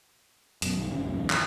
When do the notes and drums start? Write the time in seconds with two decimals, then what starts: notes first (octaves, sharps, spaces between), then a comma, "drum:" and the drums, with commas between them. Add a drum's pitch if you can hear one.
0.62 F#2 B2, drum: hi-hat
0.76 B1 G2 D#3
0.91 F#1 G2 C3 C#4
1.04 C#2 F#2 A2
1.16 B1 E2 G#2 C#3
1.30 F1 F2 D#3 E3, drum: clap